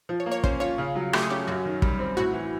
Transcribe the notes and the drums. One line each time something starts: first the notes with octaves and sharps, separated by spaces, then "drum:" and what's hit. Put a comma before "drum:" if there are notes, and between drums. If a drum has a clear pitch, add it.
F3
C#5
A#3
C#5
C#4 C5, drum: kick
F4 C#5
C#3
F#3
A3 G4, drum: rim click
G#4
C#4 G4
F#2 F#4
D#3
G3, drum: kick
C4
A2 F#4
E3